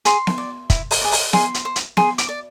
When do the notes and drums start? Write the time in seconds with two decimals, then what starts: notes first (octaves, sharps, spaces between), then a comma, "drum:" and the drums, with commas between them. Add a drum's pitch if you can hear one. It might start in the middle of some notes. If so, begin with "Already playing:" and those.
0.05 G#4 C6, drum: hi-hat
0.27 drum: snare B3
0.38 D5
0.70 E4, drum: kick, hi-hat
0.91 drum: open hi-hat
1.02 G#4 B4 D5
1.12 drum: open hi-hat
1.33 G#4 C6, drum: snare B3
1.54 drum: hi-hat
1.65 C5
1.76 drum: hi-hat
1.97 G#4 C6, drum: snare B3
2.18 D6, drum: hi-hat
2.29 D5